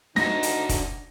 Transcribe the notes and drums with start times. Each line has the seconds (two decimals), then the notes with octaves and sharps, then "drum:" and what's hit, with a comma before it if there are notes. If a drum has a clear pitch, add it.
0.16 D4 D#4 F#4 A#6, drum: snare
0.43 drum: hi-hat
0.69 drum: kick, hi-hat